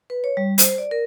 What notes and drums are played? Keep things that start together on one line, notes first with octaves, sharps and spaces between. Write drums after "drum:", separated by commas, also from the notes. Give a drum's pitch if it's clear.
B4
C#5
G3
C5, drum: hi-hat
D5
A#4